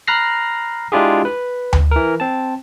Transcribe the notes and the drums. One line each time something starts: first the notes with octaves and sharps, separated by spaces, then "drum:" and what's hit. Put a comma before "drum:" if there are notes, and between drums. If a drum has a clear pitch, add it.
A#5 B5 F6 F#6 A#6 C7
G#3 D4 E4 F4 G4 G#4
B4
drum: tom D2
E3 A#4
C4 A5